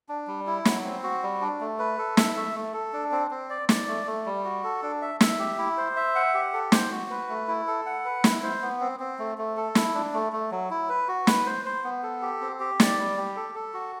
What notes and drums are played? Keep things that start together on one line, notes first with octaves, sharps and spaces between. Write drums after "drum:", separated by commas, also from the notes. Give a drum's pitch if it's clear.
D4
G3
E4
F#3, drum: snare
C4
F#4
G3
D4
A3
B4
A4
E5, drum: snare
A3
A3
A4
D4
C4
C4
D5
D5, drum: snare
A3
A3
G3
F#4
A4
D4
E5
E5, drum: snare
G4
E4
C5
E5
F#5
G4
A4
C5, drum: snare
F#4
B4
A3
E4
A4
F#5
B4
E4, drum: snare
C5
B3
C4
C4
A3
A3
A4
E4, drum: snare
D4
A3
A3
F#3
E4
B4
F#4
B4, drum: snare
C5
C5
B3
A4
G4
C4
G4
D5, drum: snare
G3
G4
A4
A4
F#4